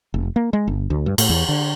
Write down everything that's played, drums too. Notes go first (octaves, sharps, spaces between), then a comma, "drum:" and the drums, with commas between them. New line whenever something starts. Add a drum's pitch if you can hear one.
F1
A#3
G#3
G1
D2
G2
A2, drum: cymbal
E2
D3